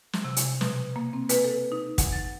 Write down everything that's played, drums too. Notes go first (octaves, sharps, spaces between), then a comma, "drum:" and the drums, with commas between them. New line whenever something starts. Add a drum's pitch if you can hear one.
drum: snare
C3
drum: hi-hat
B2, drum: snare
A#3
C4
B4, drum: hi-hat
A4
D#4
F#5, drum: kick, hi-hat
A6